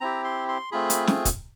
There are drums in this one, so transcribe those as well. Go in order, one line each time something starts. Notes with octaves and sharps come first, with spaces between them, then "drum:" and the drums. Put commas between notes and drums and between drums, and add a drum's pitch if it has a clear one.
C4 E4 G4 A#5
C6
C6
A3 C4 F4 G#4 B5
drum: hi-hat
drum: snare
drum: kick, hi-hat